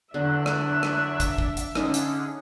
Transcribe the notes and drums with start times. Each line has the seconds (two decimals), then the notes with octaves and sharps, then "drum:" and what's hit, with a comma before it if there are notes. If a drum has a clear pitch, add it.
0.14 E2 D3 F#3 D4 E5 F#6
0.46 drum: rim click
0.83 drum: rim click
1.20 drum: kick, hi-hat
1.38 drum: kick
1.57 drum: hi-hat
1.75 D3 C#4 D#4 G#4, drum: rim click
1.94 drum: hi-hat